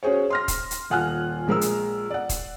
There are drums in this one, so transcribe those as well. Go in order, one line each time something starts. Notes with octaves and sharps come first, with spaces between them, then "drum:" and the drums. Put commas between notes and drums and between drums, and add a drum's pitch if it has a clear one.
C#4 F#4 G#4 C5 C#5
C6 F6 A#6
drum: kick, hi-hat
drum: hi-hat
D#1 F4 F#5 G#5 F6 F#6
A#1 G#3 A#4 E6
drum: hi-hat
D5 F#5
drum: kick, hi-hat